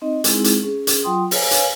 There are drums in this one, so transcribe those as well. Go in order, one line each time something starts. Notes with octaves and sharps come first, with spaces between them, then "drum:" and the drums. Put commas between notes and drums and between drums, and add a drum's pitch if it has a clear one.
C4 D#4 D#5
G#3 C4 D#4 E4 G#4, drum: hi-hat
drum: hi-hat
C#4 G#4
drum: hi-hat
F#3 F4 G5 C6 D#6
B4 C#5 F5 G#5, drum: open hi-hat
drum: hi-hat